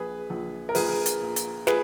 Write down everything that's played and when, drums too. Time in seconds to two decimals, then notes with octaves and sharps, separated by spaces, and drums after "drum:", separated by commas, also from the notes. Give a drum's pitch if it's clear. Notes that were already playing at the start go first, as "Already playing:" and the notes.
Already playing: A#1 G#4 B4
0.30 A#1
0.69 A#4
0.75 A#1 G#4 B4, drum: open hi-hat
1.06 drum: hi-hat
1.21 A#2
1.36 drum: hi-hat
1.67 G#4 B4, drum: snare